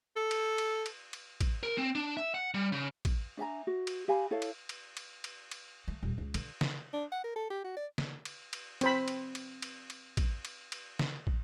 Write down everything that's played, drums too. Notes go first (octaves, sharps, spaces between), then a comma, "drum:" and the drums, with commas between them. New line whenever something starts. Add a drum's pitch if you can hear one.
A4
drum: cymbal
drum: cymbal
drum: cymbal
drum: cymbal
drum: kick, cymbal
A#4
C4
D4
E5
F#5
G3
C#3
drum: kick, cymbal
D4 E5 G#5 A#5
F#4
drum: cymbal
G4 F5 G#5 B5
E4 A4 C#5 F5
drum: cymbal
drum: cymbal
drum: cymbal
drum: cymbal
drum: cymbal
A3
D#1
C#2
D3, drum: cymbal
drum: snare
D4
F#5
A#4
A4
G4
F#4
D5
drum: snare
drum: cymbal
drum: cymbal
C4 C5 B5, drum: cymbal
drum: cymbal
drum: cymbal
drum: cymbal
drum: cymbal
drum: kick, cymbal
drum: cymbal
drum: cymbal
drum: snare
drum: kick